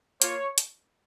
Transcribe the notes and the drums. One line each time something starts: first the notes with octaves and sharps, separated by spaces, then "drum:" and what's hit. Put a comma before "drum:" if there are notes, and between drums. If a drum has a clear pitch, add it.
A#3 F4 C#5, drum: hi-hat
drum: hi-hat